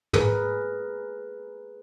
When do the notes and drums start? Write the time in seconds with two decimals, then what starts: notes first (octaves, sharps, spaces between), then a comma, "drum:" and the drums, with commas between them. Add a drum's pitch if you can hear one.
0.13 G#4 A#4 B4, drum: tom